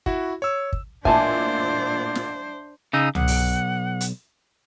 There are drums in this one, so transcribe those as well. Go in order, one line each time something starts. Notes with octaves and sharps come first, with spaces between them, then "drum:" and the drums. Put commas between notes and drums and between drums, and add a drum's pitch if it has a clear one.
E4 F#4, drum: kick
C#5 E6
drum: kick
A1 A#2 D4 C5 E5 G#5 A5 D6, drum: kick
drum: snare
C#3 D#4 E6
B1 F#5, drum: tom
drum: open hi-hat
drum: hi-hat